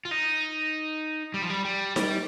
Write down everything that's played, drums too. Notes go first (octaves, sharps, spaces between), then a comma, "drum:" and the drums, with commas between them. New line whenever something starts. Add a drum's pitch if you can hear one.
F4
D#4
G3
F3
G3
G3
G3, drum: snare D#4